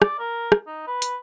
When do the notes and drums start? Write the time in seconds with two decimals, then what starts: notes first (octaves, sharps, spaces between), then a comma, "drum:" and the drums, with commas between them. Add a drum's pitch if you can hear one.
0.02 D5, drum: rim click
0.19 A#4
0.52 drum: rim click
0.67 D#4
0.87 B4
1.02 drum: hi-hat